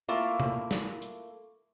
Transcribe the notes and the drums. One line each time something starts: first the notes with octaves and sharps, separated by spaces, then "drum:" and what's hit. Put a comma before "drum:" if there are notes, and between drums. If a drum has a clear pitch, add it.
A3 A#3 E4 F4
drum: tom
drum: snare
drum: hi-hat